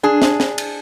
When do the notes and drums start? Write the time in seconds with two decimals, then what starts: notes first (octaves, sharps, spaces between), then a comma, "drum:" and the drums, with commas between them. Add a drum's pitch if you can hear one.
0.03 D4 G#4
0.22 drum: snare
0.40 drum: snare
0.58 drum: cymbal